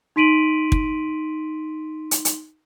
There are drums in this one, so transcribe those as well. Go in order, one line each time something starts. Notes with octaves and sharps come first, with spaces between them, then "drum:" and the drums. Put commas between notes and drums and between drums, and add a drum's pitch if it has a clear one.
D#4 C6 B6 D7 D#7 F#7
drum: kick
drum: hi-hat
drum: hi-hat